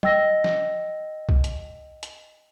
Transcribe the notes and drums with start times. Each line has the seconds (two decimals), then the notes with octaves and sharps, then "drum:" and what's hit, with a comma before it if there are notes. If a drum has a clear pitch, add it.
0.03 D#5 G5 E6 A#6, drum: tom
0.44 drum: snare F3
1.29 drum: kick
1.44 drum: hi-hat
2.03 drum: hi-hat